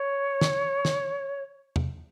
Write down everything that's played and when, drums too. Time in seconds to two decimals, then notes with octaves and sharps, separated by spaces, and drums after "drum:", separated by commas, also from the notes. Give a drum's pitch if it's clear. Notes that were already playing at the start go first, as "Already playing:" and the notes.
Already playing: C#5
0.41 drum: snare
0.85 drum: snare
1.76 drum: tom